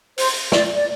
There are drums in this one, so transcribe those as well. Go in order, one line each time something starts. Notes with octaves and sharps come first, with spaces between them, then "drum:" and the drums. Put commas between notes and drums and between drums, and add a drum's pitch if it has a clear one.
C5, drum: open hi-hat
D5, drum: snare
D5